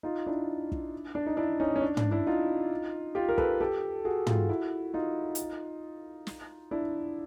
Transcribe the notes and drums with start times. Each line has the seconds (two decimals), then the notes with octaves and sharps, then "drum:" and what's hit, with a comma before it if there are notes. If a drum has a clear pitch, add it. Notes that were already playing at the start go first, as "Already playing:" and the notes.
0.03 D#4 F4
0.27 D4 E4
0.72 drum: kick
1.15 D4
1.26 D#4
1.37 D4 E4
1.60 C#4 D#4
1.76 C#4
1.81 D4
1.97 D4, drum: tom
2.11 D4 E4
2.27 D#4 F4
3.15 F4 G4
3.29 A#4
3.38 A4 B4, drum: kick
3.61 G4 A4
4.05 F#4 G#4
4.27 F4 G4, drum: tom
4.49 E4 F#4
4.94 D#4 F4
5.35 drum: hi-hat
6.27 drum: snare
6.71 D4 E4